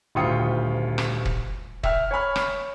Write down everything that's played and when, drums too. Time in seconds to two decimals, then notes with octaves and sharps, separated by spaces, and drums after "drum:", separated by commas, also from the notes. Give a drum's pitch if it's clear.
0.15 D#1 D2 F4 G5 D#6 C#7
0.98 drum: rim click
1.25 drum: kick
1.83 E5 G5 F6, drum: kick
2.11 C#5 G#5 B5 F6
2.36 drum: rim click